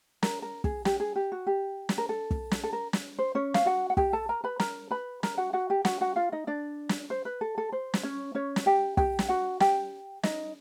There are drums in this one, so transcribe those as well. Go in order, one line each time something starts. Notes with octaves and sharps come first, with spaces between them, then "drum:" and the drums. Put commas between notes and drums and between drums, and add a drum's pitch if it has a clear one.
A#4, drum: snare
A#4
G#4, drum: kick
G4, drum: snare
G#4
G4
F#4
G4
drum: snare
A#4
A4
drum: kick
drum: snare
A4
A#4
drum: snare
C5
C#4 C#5
F5, drum: snare
F#4 F#5
F#5
G4 G5, drum: kick
A4 A5
A#4 A#5
B4 B5
A#4 A#5, drum: snare
B4 B5
A#4 A#5, drum: snare
F#4 F#5
F#4 F#5
G4 G5
F#4 F#5, drum: snare
F#4 F#5
F4 F5
D#4 D#5
D4 D5
drum: snare
C5
B4
A4
A4
C5
drum: snare
C#4 C#5
C#4 C#5
drum: snare
G4 G5
G4 G5, drum: kick
drum: snare
F#4 F#5
G4 G5, drum: snare
D#4 D#5, drum: snare